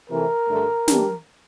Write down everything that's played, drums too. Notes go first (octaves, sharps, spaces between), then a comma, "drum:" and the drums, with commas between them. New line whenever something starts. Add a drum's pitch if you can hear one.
C3 E3 A3 A#4
G2 D3 A3
E3 G3 D4 G4, drum: snare